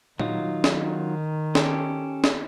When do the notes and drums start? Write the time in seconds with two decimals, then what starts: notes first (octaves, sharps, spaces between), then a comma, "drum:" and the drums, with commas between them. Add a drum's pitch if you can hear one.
0.19 D#3 F#3 D#4 F4, drum: tom A#2
0.64 drum: snare
1.55 C#4 G4 A4, drum: snare
2.24 drum: snare